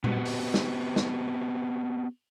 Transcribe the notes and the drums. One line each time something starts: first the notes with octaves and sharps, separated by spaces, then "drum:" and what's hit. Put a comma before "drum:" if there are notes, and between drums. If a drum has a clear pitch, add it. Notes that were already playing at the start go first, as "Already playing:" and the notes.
B3 C4 F#4 G4 B4, drum: tom A#2
drum: open hi-hat
drum: snare
drum: snare